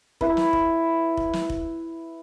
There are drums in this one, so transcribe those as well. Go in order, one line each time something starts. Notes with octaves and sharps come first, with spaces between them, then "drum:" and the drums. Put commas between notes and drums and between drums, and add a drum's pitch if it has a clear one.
E4 B4, drum: kick F1
drum: snare
drum: kick F1
drum: kick F1
drum: snare
drum: kick F1